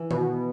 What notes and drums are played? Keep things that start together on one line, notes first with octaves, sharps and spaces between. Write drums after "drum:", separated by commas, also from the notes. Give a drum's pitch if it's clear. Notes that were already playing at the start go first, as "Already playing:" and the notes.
Already playing: E3
B2, drum: tom D#3